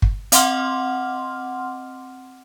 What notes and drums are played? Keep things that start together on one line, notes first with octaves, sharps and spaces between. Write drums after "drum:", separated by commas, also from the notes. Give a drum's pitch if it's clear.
drum: kick
C4 D#5 F#5 C6 D6 F6, drum: hi-hat